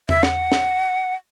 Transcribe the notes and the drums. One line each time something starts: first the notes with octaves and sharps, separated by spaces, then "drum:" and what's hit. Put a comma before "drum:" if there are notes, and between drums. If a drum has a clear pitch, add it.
E5, drum: tom E2
F#5, drum: snare
drum: snare